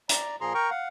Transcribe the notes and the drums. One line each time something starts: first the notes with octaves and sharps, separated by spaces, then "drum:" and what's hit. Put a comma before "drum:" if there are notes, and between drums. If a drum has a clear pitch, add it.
D5 A#5, drum: hi-hat
A#2 F3 G#4 A#5 C6
A#4 G5 A#5 C#6
F5 F#5